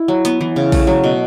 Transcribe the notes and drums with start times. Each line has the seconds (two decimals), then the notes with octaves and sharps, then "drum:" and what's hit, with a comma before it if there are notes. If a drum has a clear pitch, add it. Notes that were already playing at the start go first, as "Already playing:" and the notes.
Already playing: E4
0.08 F#3
0.25 B3, drum: hi-hat
0.41 E3
0.56 C#3
0.72 A3, drum: kick A#1, open hi-hat
0.87 F#3
1.04 B2